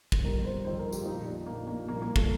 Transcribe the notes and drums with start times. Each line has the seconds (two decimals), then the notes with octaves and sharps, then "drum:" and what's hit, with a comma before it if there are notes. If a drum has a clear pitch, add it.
0.12 drum: kick
0.24 G1 F2 C3 D#3 A#4
0.45 C5
0.65 G1 F2 C3 D#3 C5
0.79 A#4
0.92 G4, drum: tambourine
1.01 F4
1.05 A#1 A2 F3 D#4
1.26 D4
1.46 A#1 A2 F3 A#3
1.67 A#3
1.87 C2 A#2 F3 A#3
2.02 A#3
2.16 A3, drum: kick